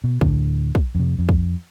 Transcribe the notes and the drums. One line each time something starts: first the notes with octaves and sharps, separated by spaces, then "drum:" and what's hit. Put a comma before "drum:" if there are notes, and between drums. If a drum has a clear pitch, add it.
B2
D2 A2 D3, drum: kick
drum: kick
F2 C3
F2
drum: kick